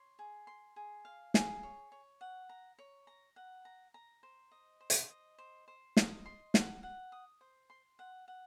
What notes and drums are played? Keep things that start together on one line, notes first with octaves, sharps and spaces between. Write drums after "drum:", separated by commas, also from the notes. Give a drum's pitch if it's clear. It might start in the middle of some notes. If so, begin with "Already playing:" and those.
Already playing: C#5 C6
G#4
C6
G#4
F5
G#4, drum: snare
C#5
C#5
F#5
A#5
C#5
A#5
F#5
A#5
A#5
C5
D#5
C5
drum: hi-hat
D#5
C5
C5
D#5, drum: snare
C6
F#5, drum: snare
F#5
D#6
C5
C6
F#5
F#5